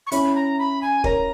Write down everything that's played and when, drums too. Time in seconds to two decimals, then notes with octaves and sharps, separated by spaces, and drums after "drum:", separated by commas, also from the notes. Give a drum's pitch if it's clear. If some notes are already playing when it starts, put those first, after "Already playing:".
0.07 C#6
0.12 C#4 E4 B5, drum: hi-hat
0.35 A#5
0.59 B5
0.82 G#5
1.04 A#4 C#5 A#5, drum: kick